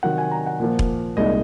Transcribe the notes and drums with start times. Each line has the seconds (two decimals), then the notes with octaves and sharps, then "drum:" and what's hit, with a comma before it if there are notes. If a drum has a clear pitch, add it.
0.03 C3 D#3 F#3 F#5
0.18 G#5
0.32 A#5
0.46 F#5
0.60 A#2 F3 A#3
0.79 drum: kick E1
1.17 C2 A#2 G#3 D#4 D#5